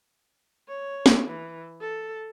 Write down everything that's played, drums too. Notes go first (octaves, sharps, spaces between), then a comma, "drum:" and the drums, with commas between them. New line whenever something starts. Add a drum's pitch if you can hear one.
C#5
drum: snare
E3
A4